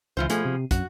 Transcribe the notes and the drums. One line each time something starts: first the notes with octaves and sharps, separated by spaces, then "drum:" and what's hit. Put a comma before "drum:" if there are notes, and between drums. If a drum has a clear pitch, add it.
C#2 E3 F4 C5
B2 F3 A3 G#4, drum: hi-hat
C3
F#2 F#4, drum: kick, hi-hat